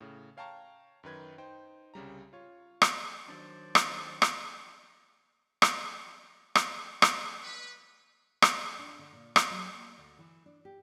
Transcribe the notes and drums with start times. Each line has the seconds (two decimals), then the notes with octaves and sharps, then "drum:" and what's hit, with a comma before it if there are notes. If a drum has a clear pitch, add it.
0.01 A2 C#3
0.37 C#5 F5 G5 A5 A#5 C#6
1.03 F#2 D#3 B4 G#6
1.38 D#4 C5 G5
1.94 C2 C#3 G3 A#5
2.33 F4 C#5
2.82 drum: rim click
3.28 D#3 F#3 D4 C5 D5
3.75 drum: rim click
4.22 drum: rim click
5.62 drum: rim click
6.55 drum: rim click
7.02 drum: rim click
7.42 B4
8.42 drum: rim click
8.79 D4
8.99 D3
9.13 A#2
9.36 drum: rim click
9.50 F#3
9.74 A#3
9.98 D2
10.19 E3
10.46 D4
10.65 G4